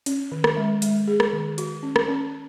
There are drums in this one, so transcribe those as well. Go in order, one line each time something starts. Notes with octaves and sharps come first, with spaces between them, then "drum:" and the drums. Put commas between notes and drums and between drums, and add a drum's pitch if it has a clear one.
C#4, drum: hi-hat
D#3
drum: rim click
G#3
G#3, drum: hi-hat
G#4
drum: rim click
D#3
F#4, drum: hi-hat
C#4
drum: rim click
C#4